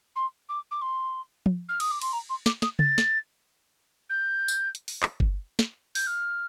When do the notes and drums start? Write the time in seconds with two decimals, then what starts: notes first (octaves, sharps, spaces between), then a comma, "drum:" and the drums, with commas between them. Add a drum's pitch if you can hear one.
0.16 C6
0.49 D6
0.71 D6
0.82 C6
1.46 drum: tom
1.69 F6
1.80 D#6, drum: cymbal
1.91 D6
2.01 C6, drum: cymbal
2.13 A#5
2.30 C6
2.46 D6, drum: snare
2.62 D#6, drum: snare
2.79 A6, drum: tom C#3
2.98 drum: snare
4.10 G6
4.48 drum: tambourine
4.75 drum: hi-hat
4.88 drum: open hi-hat
5.03 drum: clap
5.20 drum: kick G1
5.59 drum: snare
5.95 G6, drum: open hi-hat
6.07 F6